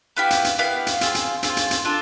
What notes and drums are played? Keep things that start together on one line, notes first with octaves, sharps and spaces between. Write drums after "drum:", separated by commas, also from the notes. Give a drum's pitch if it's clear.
B3 E4 G4 F5
drum: hi-hat
drum: hi-hat
B3 E4 G4 F5
drum: hi-hat
C4 F4 G#4, drum: hi-hat
drum: hi-hat
C4 F4 G#4, drum: hi-hat
drum: hi-hat
drum: hi-hat
D4 F4 A4